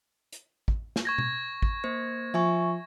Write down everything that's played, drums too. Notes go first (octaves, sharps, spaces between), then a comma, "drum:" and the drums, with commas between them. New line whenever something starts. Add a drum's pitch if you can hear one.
drum: hi-hat
drum: kick
drum: snare
C#6 G#6 A#6
drum: tom B2
drum: kick
A#3 C5
F3 E5 G#5 C#6